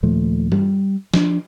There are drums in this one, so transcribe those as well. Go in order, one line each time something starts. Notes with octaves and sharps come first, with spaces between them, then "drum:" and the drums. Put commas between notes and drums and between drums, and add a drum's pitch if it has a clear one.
D#2 A#2 F3 A3
G3, drum: tom G2
F3 D4, drum: snare